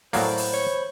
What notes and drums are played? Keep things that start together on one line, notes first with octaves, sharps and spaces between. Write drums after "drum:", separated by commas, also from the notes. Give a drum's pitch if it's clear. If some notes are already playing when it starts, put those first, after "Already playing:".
A2 F#3 A#3 C5 D5 B5, drum: open hi-hat
drum: open hi-hat
C#5